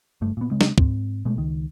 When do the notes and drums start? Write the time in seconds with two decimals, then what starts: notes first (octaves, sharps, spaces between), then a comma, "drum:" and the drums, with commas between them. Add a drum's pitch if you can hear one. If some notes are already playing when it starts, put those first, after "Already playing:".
0.21 F#1 G2 A3
0.37 A#2 B3
0.51 C#3 G#3 C4
0.61 drum: snare
0.78 G#2 C4, drum: kick
1.25 B2 G#3 A3
1.37 C#2 D#3